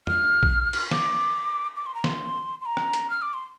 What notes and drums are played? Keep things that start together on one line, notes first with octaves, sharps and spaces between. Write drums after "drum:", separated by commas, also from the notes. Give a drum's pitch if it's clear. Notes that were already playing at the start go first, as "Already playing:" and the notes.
F6, drum: tom
drum: kick
drum: cymbal
D6, drum: snare
D6
C6
A#5
C6, drum: snare
C6
A#5
drum: rim click
drum: hi-hat
F6
D6
C6